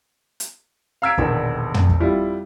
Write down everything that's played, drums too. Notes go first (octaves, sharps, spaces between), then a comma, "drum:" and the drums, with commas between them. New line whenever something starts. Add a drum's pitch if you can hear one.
drum: hi-hat
F5 A#5 E6 G#6 B6 D7
E1 A#1 D3 D#3, drum: kick
drum: tom
drum: kick
F2 G3 E4 F4